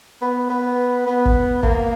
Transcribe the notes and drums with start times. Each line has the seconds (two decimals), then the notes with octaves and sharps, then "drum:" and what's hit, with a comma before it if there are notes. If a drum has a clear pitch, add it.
0.21 B3
0.50 B3
1.07 B3
1.25 drum: kick
1.63 A#3, drum: kick